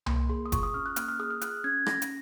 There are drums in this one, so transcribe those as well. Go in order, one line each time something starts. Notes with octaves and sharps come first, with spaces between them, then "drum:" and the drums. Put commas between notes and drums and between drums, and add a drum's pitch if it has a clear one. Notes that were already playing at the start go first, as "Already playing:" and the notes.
A#3 C6, drum: tom C2
G#4 C6
D#6
F4 C#6, drum: kick F#1, hi-hat
D#6
C#4 F6
F#6
A#3 F6, drum: hi-hat
F6
G#4 D#6
F6
F4 F#6, drum: hi-hat
C#4 G#6
C#4 A#6, drum: rim click
drum: hi-hat